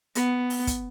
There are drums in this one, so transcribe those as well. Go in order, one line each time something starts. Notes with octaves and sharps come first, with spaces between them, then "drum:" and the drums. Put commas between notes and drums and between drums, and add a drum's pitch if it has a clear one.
B3, drum: hi-hat
drum: open hi-hat
drum: kick, hi-hat